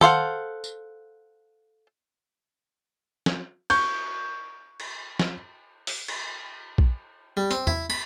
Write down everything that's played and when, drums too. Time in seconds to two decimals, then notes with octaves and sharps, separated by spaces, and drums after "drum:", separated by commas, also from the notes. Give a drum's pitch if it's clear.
0.01 A4 C5 F5 F#5, drum: tom D#3
0.64 drum: tambourine
3.26 drum: snare
3.70 C#6 G6, drum: cymbal
4.80 drum: cymbal
5.19 drum: snare
5.87 drum: open hi-hat
6.08 drum: cymbal
6.78 drum: kick A#1
7.37 G3
7.51 C4, drum: hi-hat
7.67 E4, drum: tom E2
7.90 B5, drum: cymbal